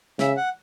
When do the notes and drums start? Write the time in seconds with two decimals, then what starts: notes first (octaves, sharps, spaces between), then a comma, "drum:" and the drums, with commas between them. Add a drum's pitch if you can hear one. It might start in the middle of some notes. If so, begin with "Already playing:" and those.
0.19 C#3 E5, drum: snare
0.37 F#5